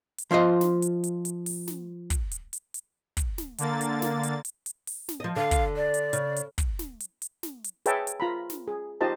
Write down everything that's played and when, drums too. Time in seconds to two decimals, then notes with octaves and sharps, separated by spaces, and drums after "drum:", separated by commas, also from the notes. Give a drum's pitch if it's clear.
0.18 drum: hi-hat
0.31 F3 F4 C5 D#5
0.61 drum: snare
0.82 drum: hi-hat
1.04 drum: hi-hat
1.25 drum: hi-hat
1.46 drum: open hi-hat
1.68 drum: snare
2.10 drum: kick, hi-hat
2.31 drum: hi-hat
2.53 drum: hi-hat
2.74 drum: hi-hat
3.17 drum: kick, hi-hat
3.38 drum: snare
3.58 D3 A#3 A6, drum: hi-hat
3.81 drum: hi-hat
4.02 drum: snare
4.23 drum: hi-hat
4.45 drum: hi-hat
4.66 drum: hi-hat
4.87 drum: open hi-hat
5.09 drum: snare
5.20 F3 D#5
5.36 D3 F5
5.51 drum: kick, hi-hat
5.76 D5
5.94 drum: hi-hat
6.13 C#3, drum: hi-hat
6.36 drum: hi-hat
6.58 drum: kick, hi-hat
6.79 drum: snare
7.00 drum: hi-hat
7.22 drum: hi-hat
7.43 drum: snare
7.64 drum: hi-hat
7.86 G#4 B4 C#5 E5 G5 A5, drum: hi-hat
8.07 drum: hi-hat
8.20 F4 A#5 B5
8.50 drum: snare
8.68 G#4
9.01 D#4 F4 G4 C5 D#5 A5